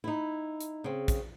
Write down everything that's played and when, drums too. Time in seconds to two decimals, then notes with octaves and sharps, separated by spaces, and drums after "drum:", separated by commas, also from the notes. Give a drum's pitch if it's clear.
0.04 D#4 E4
0.60 drum: hi-hat
0.84 C#3 C4
1.08 drum: kick, hi-hat